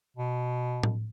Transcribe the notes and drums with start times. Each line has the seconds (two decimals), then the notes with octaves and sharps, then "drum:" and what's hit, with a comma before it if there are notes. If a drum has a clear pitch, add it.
0.17 B2
0.83 drum: tom A2